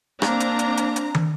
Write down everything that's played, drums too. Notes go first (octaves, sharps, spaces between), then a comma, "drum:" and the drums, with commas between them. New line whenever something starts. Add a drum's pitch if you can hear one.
A#3 C4 D4 A#5, drum: rim click
drum: hi-hat
drum: hi-hat
drum: hi-hat
drum: hi-hat
drum: tom